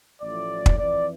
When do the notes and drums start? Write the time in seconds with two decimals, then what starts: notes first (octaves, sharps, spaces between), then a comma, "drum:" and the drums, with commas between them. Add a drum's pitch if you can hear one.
0.21 A1 A2 F3 D5
0.66 drum: kick
0.78 F2 E3 D5